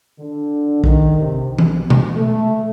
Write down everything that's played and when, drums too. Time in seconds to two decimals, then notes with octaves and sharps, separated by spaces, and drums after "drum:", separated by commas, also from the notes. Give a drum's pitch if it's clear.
0.20 D3
0.84 D#3, drum: kick B1
1.20 C3
1.59 B1, drum: tom E3
1.90 drum: tom B2
2.17 A3